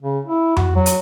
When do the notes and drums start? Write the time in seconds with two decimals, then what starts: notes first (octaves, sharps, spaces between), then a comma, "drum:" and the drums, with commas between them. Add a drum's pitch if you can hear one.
0.02 C#3
0.25 E4
0.56 F#4, drum: tom F2
0.76 F#3
0.86 drum: hi-hat